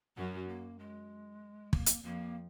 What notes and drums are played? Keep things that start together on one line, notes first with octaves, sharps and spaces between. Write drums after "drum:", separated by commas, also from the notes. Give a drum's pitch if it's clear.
F#2 F#3 C#4
A#3
G#3
A#3, drum: kick
drum: hi-hat
F2 F3 A#3